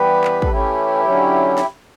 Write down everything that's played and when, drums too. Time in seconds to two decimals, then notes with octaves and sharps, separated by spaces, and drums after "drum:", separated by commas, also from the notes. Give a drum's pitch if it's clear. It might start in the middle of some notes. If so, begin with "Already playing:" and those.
Already playing: E3 G3 B3 G4 B4
0.24 drum: clap
0.42 A4, drum: kick
0.49 E3 A3 C#4 E4 G4
1.05 D3 F#3 C#4
1.58 drum: snare